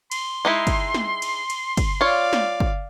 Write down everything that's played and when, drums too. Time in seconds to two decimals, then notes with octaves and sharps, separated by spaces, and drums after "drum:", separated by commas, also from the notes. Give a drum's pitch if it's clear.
0.12 C6, drum: cymbal
0.45 G#3 D#4 E4
0.67 drum: kick, cymbal
0.94 drum: snare
1.22 drum: cymbal
1.50 drum: cymbal
1.77 drum: kick, cymbal
2.01 F4 C#5 D5 F5
2.33 drum: snare
2.60 drum: kick